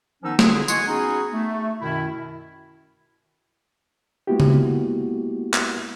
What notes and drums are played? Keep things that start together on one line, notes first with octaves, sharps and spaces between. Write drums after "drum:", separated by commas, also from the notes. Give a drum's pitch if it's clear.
D#3 F3 B3 C#4 D#4 E6
D3 B3 E4 F#4 G#4, drum: snare
D#5 F#5 G#5 C6 C#6, drum: tambourine
B3 C#4 D#4 F#4 G#4
A3
F#2 B2 D#3 E4
G#3 A#3 B3 E4 F#4 G4
drum: tom C#3
drum: clap